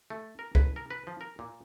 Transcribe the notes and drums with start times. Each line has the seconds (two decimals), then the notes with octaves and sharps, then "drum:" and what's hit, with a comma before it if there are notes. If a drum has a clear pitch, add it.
0.10 A3
0.39 A#4
0.55 B4, drum: kick
0.76 A#4
0.90 B4
1.07 F3
1.21 A#4
1.39 A#2